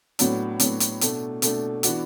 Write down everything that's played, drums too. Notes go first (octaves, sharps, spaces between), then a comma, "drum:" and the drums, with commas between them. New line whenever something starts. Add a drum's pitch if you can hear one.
A2 F#3 B3 D4 F#4, drum: hi-hat
A2 F#3 B3 D4 F#4, drum: hi-hat
drum: hi-hat
B2 A3 D4, drum: hi-hat
B2 A3 D4, drum: hi-hat
E3 B3 D4 F#4, drum: hi-hat